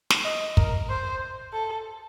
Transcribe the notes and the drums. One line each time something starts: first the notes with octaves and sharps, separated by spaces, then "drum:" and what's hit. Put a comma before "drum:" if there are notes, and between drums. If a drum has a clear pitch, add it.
drum: snare
D#5
A#4, drum: kick
C5
A4